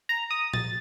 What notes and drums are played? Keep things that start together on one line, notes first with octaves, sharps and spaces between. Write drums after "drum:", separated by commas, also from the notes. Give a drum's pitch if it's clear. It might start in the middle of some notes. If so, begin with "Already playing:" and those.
A#5
D#6
A6, drum: tom A#2